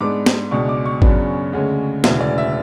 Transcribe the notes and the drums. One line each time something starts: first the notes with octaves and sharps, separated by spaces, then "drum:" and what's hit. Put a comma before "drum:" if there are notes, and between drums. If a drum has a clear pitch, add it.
G#2 G#3 B3 D4 D6
drum: snare
C#2 B2 G#3 D4 C#6
D6
C#6
F#2 C#3 F#3 B3 D4, drum: kick
D2 C#3 G#3 C#4
E1 D2 C#3 E3 E5, drum: snare
D5
E5